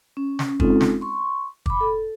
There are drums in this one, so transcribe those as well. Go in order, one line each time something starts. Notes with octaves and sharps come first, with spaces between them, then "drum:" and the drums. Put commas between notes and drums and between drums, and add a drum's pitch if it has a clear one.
C#4
drum: snare
G#3 C4 C#4 D#4 F4 A4, drum: kick
drum: snare
C6 C#6
B5 D6, drum: kick
A4